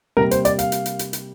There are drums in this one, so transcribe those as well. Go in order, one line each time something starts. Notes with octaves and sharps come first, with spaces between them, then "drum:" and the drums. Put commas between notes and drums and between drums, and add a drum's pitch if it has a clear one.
C3 G3 A#3 A#4
C5, drum: hi-hat
D5, drum: hi-hat
F5, drum: hi-hat
drum: hi-hat
drum: hi-hat
drum: hi-hat
drum: hi-hat